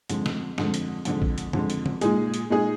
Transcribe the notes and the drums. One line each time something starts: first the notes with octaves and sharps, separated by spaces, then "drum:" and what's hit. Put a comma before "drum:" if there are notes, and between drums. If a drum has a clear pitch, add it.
F2 D3 G#3, drum: hi-hat
drum: snare
F2 D3 G#3, drum: snare
drum: hi-hat
F2 D3 G#3, drum: hi-hat
drum: kick
drum: hi-hat
F2 D3 G#3, drum: tom
drum: hi-hat
drum: tom
A#2 G#3 D#4 G#4, drum: hi-hat
drum: hi-hat
A#2 G#3 D#4 G#4